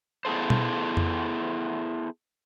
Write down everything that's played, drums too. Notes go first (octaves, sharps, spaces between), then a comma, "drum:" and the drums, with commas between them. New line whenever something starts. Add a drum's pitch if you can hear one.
B3 E4 G#4 A4 C5
drum: tom B2
drum: tom F2